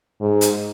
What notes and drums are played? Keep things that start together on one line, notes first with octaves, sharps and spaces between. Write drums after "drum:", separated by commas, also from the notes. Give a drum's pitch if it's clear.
G#2
drum: hi-hat